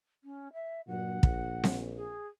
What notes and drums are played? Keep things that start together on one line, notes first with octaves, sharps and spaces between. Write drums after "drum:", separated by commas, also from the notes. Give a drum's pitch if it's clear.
C#4
E5
G2 A#2 F#3 F#5
A#1, drum: kick
drum: snare C4
G#4